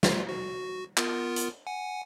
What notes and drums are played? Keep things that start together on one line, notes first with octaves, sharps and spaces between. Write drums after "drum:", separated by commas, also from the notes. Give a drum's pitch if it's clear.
A3 F4, drum: snare
F#4
B3 F4 A#4, drum: clap
drum: hi-hat
F#5 G#5